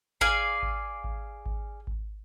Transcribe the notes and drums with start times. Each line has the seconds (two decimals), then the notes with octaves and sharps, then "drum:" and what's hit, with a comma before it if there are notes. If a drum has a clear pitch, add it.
0.21 G#4 D5 F5 G#5, drum: kick G#1
0.63 drum: kick G#1
1.04 drum: kick G#1
1.46 drum: kick G#1
1.87 drum: kick G#1